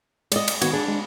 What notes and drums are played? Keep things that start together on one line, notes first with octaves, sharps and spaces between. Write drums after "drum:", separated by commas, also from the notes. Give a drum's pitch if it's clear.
G#3 D5 D#5, drum: cymbal
drum: cymbal
D#3 B3 F#4 G#6, drum: cymbal
D4 G#4
G#3